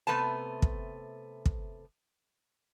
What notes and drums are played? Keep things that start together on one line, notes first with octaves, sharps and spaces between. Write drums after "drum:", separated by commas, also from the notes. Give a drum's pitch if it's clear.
C3 A3 B3 A5
drum: kick
drum: kick